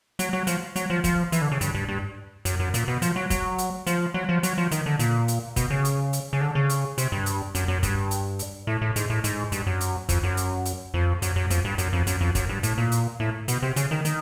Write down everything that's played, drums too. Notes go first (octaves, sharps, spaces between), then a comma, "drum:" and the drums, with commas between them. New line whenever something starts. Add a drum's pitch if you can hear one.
F#3, drum: hi-hat
F#3
F3, drum: hi-hat
F#3, drum: hi-hat
F3
F3, drum: kick, hi-hat
E3, drum: hi-hat
D3
C#3
G2, drum: hi-hat
G2
G2
F#2, drum: hi-hat
F#2
A#2, drum: hi-hat
B2
F3, drum: hi-hat
F#3
F#3, drum: kick, hi-hat
drum: hi-hat
F3, drum: hi-hat
F#3
F3
F#3, drum: hi-hat
F3
D#3, drum: hi-hat
D3
A#2, drum: hi-hat
drum: hi-hat
B2, drum: kick, hi-hat
C#3
drum: hi-hat
drum: hi-hat
C#3
D3
C#3
drum: hi-hat
C3, drum: hi-hat
G2
drum: hi-hat
F#2, drum: hi-hat
F#2
G2, drum: kick, hi-hat
drum: hi-hat
drum: hi-hat
A2
A2
G#2, drum: hi-hat
A2
G#2, drum: hi-hat
G2, drum: hi-hat
F#2
drum: hi-hat
F2, drum: kick, hi-hat
F#2
drum: hi-hat
drum: hi-hat
F2
F#2, drum: hi-hat
F#2
F2, drum: hi-hat
G2
F#2, drum: hi-hat
F2
F#2, drum: hi-hat
F2
F#2, drum: kick, hi-hat
G2
A2, drum: hi-hat
A#2
drum: hi-hat
A2
B2, drum: hi-hat
C3
C#3, drum: hi-hat
D#3
D#3, drum: hi-hat